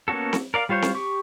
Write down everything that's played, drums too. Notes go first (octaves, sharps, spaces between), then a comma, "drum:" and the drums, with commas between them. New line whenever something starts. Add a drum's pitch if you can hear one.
A#3 B3 C#4 F#4 A4
drum: snare C4
A#4 D5 F5
G3 F4 C5 C#5 G6
drum: snare C4
G4 C#6